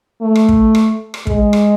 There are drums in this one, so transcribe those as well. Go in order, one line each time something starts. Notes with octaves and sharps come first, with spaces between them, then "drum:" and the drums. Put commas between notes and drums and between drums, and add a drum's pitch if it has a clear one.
A3
drum: rim click
drum: kick
drum: rim click
drum: rim click
G#3, drum: kick
drum: rim click